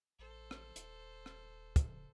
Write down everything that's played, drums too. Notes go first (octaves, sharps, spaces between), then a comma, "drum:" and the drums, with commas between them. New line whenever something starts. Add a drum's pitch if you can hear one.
A1 A4 C5
drum: rim click
D#1, drum: hi-hat
drum: rim click
drum: kick, hi-hat